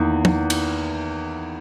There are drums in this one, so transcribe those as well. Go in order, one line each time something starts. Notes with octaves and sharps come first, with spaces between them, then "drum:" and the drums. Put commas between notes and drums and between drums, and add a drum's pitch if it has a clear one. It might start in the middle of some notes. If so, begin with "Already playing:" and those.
Already playing: E2 D#3 A#3
drum: tom
drum: cymbal